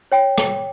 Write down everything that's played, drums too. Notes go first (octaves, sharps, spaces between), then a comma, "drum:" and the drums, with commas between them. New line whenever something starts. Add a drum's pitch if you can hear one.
C#5 G5
drum: rim click